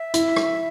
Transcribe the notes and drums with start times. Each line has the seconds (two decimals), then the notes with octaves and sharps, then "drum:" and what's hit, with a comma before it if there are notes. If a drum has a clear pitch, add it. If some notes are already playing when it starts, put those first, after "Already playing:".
Already playing: E5
0.14 E4, drum: hi-hat
0.36 drum: rim click